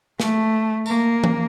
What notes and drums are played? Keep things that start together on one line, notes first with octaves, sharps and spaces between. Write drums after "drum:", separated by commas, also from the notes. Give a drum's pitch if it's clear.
A3, drum: snare
A#3, drum: tambourine
drum: tom E3